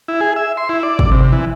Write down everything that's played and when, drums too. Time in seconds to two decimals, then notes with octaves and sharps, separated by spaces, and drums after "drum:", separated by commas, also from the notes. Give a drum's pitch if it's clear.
0.08 E4
0.21 G#4
0.36 E5
0.57 C6
0.69 E4
0.83 D5
0.99 drum: kick
1.11 C3
1.32 E3